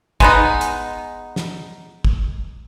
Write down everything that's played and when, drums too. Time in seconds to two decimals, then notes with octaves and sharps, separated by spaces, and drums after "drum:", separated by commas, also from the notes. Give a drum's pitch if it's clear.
0.20 G#3 B3 D#4, drum: kick
0.61 drum: hi-hat
1.36 drum: snare
2.04 drum: kick